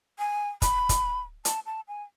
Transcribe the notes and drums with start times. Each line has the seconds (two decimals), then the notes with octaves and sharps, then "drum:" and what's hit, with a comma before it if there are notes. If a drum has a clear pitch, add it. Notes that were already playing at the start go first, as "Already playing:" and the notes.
0.19 G#5
0.62 B5, drum: kick, hi-hat
0.89 drum: kick, hi-hat
1.45 A5, drum: hi-hat
1.66 A5
1.88 G#5